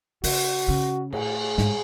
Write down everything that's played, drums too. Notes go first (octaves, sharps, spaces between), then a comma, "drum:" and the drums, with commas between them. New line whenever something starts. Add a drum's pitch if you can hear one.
C#3 F#4, drum: open hi-hat
C#3
A2 G#4, drum: cymbal
G#2, drum: snare